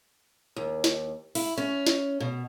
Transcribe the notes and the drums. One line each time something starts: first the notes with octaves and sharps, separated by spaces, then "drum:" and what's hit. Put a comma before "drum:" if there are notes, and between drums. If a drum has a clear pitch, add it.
D#2
drum: snare
E4, drum: open hi-hat
C#4
drum: snare
B2